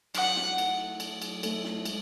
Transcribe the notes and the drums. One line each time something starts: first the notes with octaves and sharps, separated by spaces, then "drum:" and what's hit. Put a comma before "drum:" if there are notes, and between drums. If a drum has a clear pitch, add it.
F#3 F#5, drum: cymbal
drum: snare
A3 E4 A4, drum: cymbal
F#3, drum: cymbal
drum: cymbal
A3 E4 A4, drum: cymbal
drum: snare
G#3, drum: cymbal